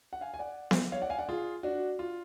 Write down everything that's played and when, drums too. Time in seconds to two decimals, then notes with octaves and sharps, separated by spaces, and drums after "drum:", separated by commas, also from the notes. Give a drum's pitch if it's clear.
0.13 F#5
0.21 F5 G#5
0.34 G#5
0.39 D5 F#5
0.71 drum: snare B3
0.92 C#5 F5
1.02 D5 F#5
1.10 F5 G#5
1.19 D5 F#5
1.29 F4 G#4
1.63 D4 F#4
1.99 F4